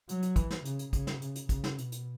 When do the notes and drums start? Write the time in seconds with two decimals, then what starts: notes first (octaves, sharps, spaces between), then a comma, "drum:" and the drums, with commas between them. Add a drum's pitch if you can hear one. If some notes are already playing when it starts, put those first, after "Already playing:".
0.09 F#3, drum: hi-hat
0.22 drum: hi-hat
0.36 E3, drum: kick, hi-hat
0.51 drum: snare
0.65 C#3, drum: hi-hat
0.79 drum: hi-hat
0.93 C#3, drum: kick, hi-hat
1.07 drum: snare
1.22 C#3, drum: hi-hat
1.35 drum: hi-hat
1.49 C#3, drum: kick, hi-hat
1.64 drum: snare
1.78 B2, drum: hi-hat
1.92 drum: hi-hat